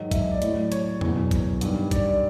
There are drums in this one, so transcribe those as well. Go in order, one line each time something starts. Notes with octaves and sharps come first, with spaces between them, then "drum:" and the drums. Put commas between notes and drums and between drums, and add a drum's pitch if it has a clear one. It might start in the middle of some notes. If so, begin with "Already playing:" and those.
Already playing: G#2 D#3 F#3 D#5
E5, drum: kick, hi-hat
D#5
D5
A2 F#3, drum: hi-hat
C#5, drum: hi-hat
E2 B2 F#3, drum: tom
drum: kick, hi-hat
G2 D#3 G3, drum: hi-hat
D5, drum: kick, hi-hat
D5